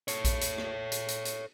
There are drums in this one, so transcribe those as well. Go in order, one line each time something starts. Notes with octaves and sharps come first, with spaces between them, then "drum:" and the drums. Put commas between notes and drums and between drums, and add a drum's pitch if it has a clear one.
A4 C#5, drum: hi-hat
drum: kick A#1, hi-hat
drum: hi-hat
drum: rim click
drum: hi-hat
drum: hi-hat
drum: hi-hat